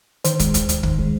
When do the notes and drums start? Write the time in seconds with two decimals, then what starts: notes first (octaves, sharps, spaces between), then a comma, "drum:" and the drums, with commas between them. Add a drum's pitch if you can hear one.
0.24 D#3 C5, drum: hi-hat
0.39 G#3, drum: kick, hi-hat
0.54 D#2, drum: hi-hat
0.69 D#2, drum: hi-hat
0.83 D#3, drum: kick
0.99 G#3